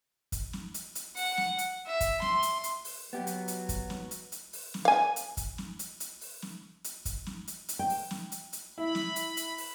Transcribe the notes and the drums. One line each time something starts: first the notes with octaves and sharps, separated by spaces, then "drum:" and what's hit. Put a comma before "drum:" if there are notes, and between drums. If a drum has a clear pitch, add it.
drum: kick, hi-hat
drum: snare
drum: hi-hat
drum: hi-hat
F#5, drum: open hi-hat
drum: snare
drum: hi-hat
E5
drum: kick, hi-hat
C6, drum: snare
drum: hi-hat
drum: hi-hat
drum: open hi-hat
F#3 B3 G4
drum: hi-hat
drum: hi-hat
drum: kick, hi-hat
drum: snare
drum: hi-hat
drum: hi-hat
drum: open hi-hat
drum: snare
F5 G#5
drum: hi-hat
drum: kick, hi-hat
drum: snare
drum: hi-hat
drum: hi-hat
drum: open hi-hat
drum: snare
drum: hi-hat
drum: kick, hi-hat
drum: snare
drum: hi-hat
drum: hi-hat
G5
drum: open hi-hat
drum: snare
drum: hi-hat
drum: hi-hat
E4 B5
drum: snare
drum: hi-hat
drum: hi-hat
drum: open hi-hat